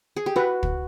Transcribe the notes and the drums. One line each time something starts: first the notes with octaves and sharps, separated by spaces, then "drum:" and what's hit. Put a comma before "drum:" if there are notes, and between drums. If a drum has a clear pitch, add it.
G#4
G4
F#4 B4
drum: kick